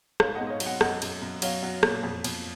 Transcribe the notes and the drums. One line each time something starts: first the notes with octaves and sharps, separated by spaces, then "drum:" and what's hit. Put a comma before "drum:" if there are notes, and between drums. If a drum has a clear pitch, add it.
G#2 C#5 F5, drum: rim click
D#5 F#5
G#2
D#5
C#5 F5
F#3, drum: cymbal
D#5 F#5
F#2 D#5 F#5, drum: rim click
F#2, drum: cymbal
F#2
F#3 C#5 F5, drum: cymbal
F#3
A#2, drum: rim click
F2
F2, drum: cymbal